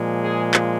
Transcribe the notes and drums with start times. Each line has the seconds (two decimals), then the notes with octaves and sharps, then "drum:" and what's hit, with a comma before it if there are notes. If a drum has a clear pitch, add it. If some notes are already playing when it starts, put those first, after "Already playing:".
Already playing: A#2 F3 G#3
0.22 G#4
0.54 drum: clap